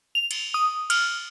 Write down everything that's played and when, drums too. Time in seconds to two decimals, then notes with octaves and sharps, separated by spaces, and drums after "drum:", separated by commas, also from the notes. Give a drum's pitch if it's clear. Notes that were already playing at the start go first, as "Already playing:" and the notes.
0.15 F7
0.31 drum: cymbal
0.54 D#6
0.90 F6, drum: cymbal